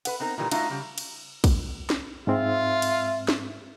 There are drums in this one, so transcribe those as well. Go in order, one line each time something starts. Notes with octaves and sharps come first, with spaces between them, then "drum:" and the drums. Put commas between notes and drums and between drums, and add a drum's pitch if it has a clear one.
B4 F#5, drum: cymbal
B3 C4 D#4 A#4
A#2 D#3 E3 G3
A3 D4 D#4 F4 F#4 D#5, drum: cymbal
C#3 G3
drum: cymbal
drum: kick, cymbal
drum: snare
G#2 G#3 C4 F4 E5
drum: cymbal
drum: snare